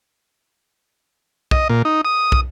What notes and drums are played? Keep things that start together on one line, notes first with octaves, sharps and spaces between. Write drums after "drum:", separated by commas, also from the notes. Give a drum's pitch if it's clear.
D#5, drum: kick
A#2
D#4
D#6
drum: kick